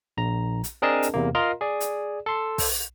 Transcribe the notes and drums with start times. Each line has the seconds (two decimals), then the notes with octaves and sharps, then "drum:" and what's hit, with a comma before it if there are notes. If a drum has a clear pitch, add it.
0.17 A#1 A#5
0.64 drum: hi-hat
0.82 C4 D4 G#4 A#4 D#5 A5
1.03 drum: hi-hat
1.14 E2 C3 A#3
1.35 F4 A#4 D#5 F5 A#5 C6
1.61 G#4 D5
1.80 drum: hi-hat
2.26 A4 C6
2.58 drum: kick, open hi-hat